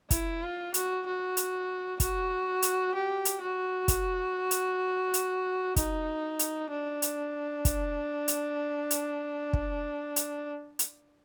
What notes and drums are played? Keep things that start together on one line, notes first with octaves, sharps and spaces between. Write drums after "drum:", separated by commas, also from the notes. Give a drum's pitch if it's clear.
E4, drum: kick, hi-hat
F4
F#4, drum: hi-hat
F#4
drum: hi-hat
F#4, drum: kick, hi-hat
drum: hi-hat
G4
drum: hi-hat
F#4
drum: kick, hi-hat
drum: hi-hat
drum: hi-hat
D#4, drum: kick, hi-hat
drum: hi-hat
D4
drum: hi-hat
drum: kick, hi-hat
drum: hi-hat
drum: hi-hat
drum: kick
drum: hi-hat
drum: hi-hat